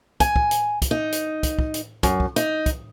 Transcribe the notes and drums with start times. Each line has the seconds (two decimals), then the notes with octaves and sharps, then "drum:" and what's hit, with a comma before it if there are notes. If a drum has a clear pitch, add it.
0.20 G#5, drum: kick, hi-hat
0.36 drum: kick
0.51 drum: hi-hat
0.82 drum: kick, hi-hat
0.91 D#4
1.12 drum: hi-hat
1.43 drum: kick, hi-hat
1.59 drum: kick
1.74 drum: hi-hat
2.03 F#2, drum: kick, hi-hat
2.20 drum: kick
2.36 D#4, drum: hi-hat
2.66 drum: kick, hi-hat